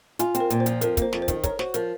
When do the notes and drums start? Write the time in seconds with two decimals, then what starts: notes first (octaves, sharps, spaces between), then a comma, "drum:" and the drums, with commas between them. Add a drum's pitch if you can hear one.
0.19 F4 G#5, drum: hi-hat
0.35 C4, drum: hi-hat
0.40 A#4
0.50 A#2, drum: hi-hat
0.60 C5
0.66 F3, drum: hi-hat
0.81 F2 A#4, drum: hi-hat
0.97 A#3 C5, drum: kick, hi-hat
1.13 F2, drum: snare
1.22 C5
1.28 D#3, drum: kick, hi-hat
1.43 A#4 C#5, drum: kick, hi-hat
1.59 F#4 C5, drum: snare
1.74 F3 A#4, drum: hi-hat